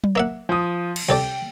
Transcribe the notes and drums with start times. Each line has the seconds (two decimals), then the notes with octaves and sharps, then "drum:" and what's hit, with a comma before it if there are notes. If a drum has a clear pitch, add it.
0.04 drum: tom F#3
0.15 A#3 E5 F#5
0.49 F3 D#6
0.96 drum: cymbal
1.09 C2 A4 D5 G5